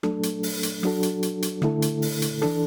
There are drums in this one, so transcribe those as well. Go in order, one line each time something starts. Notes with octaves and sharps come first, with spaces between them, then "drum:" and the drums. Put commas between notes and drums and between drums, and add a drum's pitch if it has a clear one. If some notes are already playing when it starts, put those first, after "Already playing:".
F#3 A3 D4 A4, drum: rim click
drum: hi-hat
drum: open hi-hat
drum: hi-hat
F#3 D4 F#4 A4, drum: rim click
drum: hi-hat
drum: hi-hat
drum: hi-hat
D3 A3 E4 A4, drum: rim click
drum: hi-hat
drum: open hi-hat
drum: hi-hat
E3 D4 A4, drum: rim click